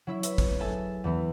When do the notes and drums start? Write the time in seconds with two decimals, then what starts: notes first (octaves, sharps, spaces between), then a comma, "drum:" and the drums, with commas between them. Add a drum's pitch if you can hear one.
0.07 F#3 E4 E5
0.23 B4 E5, drum: hi-hat
0.38 drum: kick
0.60 G#4 A4 E5 A5
1.04 E2 E3 B3 E4